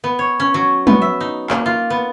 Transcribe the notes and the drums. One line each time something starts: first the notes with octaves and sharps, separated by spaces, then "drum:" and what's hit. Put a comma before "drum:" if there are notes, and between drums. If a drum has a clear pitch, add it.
B3
C#5
C#4
F#3
B3, drum: tom
E5
D#4
A#3, drum: clap
F4
B3